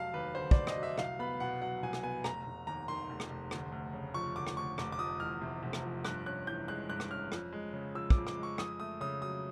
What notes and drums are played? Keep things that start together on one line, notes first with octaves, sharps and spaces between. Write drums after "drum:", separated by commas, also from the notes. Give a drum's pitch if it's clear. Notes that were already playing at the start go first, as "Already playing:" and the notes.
Already playing: F1 F#3 F5 A5
D#2 B4
D3 C5
F1 D5, drum: kick
D#5, drum: rim click
F#3
E5
C2 F5, drum: rim click
B3 B5
B2 F#5
F#3 F#5
C2 G#5
drum: rim click
B3 G#5
F1 A#5, drum: rim click
F1
D#2 A#5
D#3 C6
F1
drum: rim click
F1
D2, drum: rim click
D2
C#3
F3 C#6
D2 D6
drum: rim click
D2 C#6
F1 D6, drum: rim click
D6
F3 D#6
E2 F6
C3
F1
drum: rim click
F3
G2 F#6, drum: rim click
C#4 F#6
E3 G6
G#3 F#6
G2 F#6
drum: rim click
C#4 F6
F2, drum: rim click
G#3
C#3
F3 E6
D6, drum: kick
F2
D6, drum: rim click
G#3
C#6
F2 D#6, drum: rim click
A3 D#6
C#3 D#6
F#3 D#6